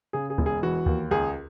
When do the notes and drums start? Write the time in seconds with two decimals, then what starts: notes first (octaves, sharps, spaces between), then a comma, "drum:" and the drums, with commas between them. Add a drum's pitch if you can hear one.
0.13 C#3 G#4
0.30 G#4
0.38 E1, drum: kick
0.46 G#4
0.62 E3 F#4
0.86 D#2, drum: kick
1.11 C#2 G#4